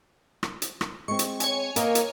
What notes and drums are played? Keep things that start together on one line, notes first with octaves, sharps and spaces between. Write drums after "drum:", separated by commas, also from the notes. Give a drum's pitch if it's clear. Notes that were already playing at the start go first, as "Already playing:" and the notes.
drum: rim click
drum: hi-hat
drum: rim click
G#3 C4 C#6
drum: hi-hat
C#5 G#5, drum: hi-hat
A#3 A#4 D#5, drum: hi-hat
drum: hi-hat